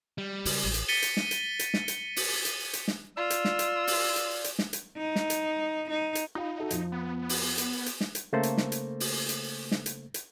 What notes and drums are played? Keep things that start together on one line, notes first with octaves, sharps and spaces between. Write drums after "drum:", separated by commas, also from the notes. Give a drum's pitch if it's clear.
G3
C#3, drum: open hi-hat
A1
drum: hi-hat
A6 B6 C#7 D#7 G7
drum: hi-hat
drum: snare
drum: hi-hat
drum: hi-hat
drum: snare
drum: hi-hat
drum: open hi-hat
drum: hi-hat
drum: hi-hat
drum: snare
F4 D5 E6
drum: hi-hat
drum: snare
drum: hi-hat
drum: open hi-hat
drum: hi-hat
drum: hi-hat
drum: snare
drum: hi-hat
D#4
drum: snare
drum: hi-hat
D#4
drum: hi-hat
D#4 F4 F5 B5
F#4 A4 E5
F2 F3, drum: hi-hat
B3
drum: open hi-hat
drum: hi-hat
drum: hi-hat
drum: snare
drum: hi-hat
C#3 A3 A#3 A4 C5
drum: hi-hat
drum: snare
drum: hi-hat
drum: open hi-hat
drum: hi-hat
drum: snare
drum: hi-hat
drum: hi-hat